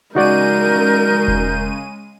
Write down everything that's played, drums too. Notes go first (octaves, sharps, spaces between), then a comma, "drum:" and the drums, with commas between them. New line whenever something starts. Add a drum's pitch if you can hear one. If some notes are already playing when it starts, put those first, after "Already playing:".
C#3 G#3 D#4 F#4 A#4 D5 G6 D#7
drum: kick E1